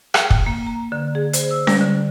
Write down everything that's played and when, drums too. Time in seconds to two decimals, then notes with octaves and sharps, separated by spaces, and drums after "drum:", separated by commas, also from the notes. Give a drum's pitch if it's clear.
0.14 G5, drum: rim click
0.30 drum: kick
0.46 A#3
0.66 A#5
0.92 D3
1.15 G#4
1.33 C5, drum: hi-hat
1.51 E6
1.67 G3, drum: snare C#4
1.80 D3